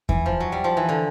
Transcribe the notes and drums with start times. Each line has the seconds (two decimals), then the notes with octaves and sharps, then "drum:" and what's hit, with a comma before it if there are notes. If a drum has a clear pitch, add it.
0.09 E3, drum: kick E2
0.26 F3
0.40 F#3
0.52 G3
0.64 F3
0.77 E3
0.89 D3